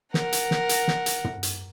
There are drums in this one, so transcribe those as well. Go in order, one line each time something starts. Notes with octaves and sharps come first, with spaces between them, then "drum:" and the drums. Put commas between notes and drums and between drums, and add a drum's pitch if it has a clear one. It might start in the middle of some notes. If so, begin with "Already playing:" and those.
A#4 F#5, drum: snare
drum: hi-hat
drum: snare
drum: hi-hat
drum: snare
drum: hi-hat
drum: tom
drum: hi-hat